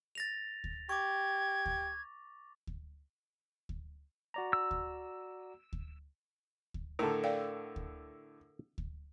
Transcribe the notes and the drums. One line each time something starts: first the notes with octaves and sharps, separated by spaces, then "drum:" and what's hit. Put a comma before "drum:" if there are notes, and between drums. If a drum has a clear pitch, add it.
A6 A#6 F7
drum: kick D2
G4 C#6 D6 G#6
drum: kick D2
drum: kick D2
drum: kick D2
F#4 D5 A#5
E6
drum: kick D2
drum: kick D2
drum: kick D2
A2 D3 A4 A#4
D5 F5 G5
drum: kick D2
drum: kick D2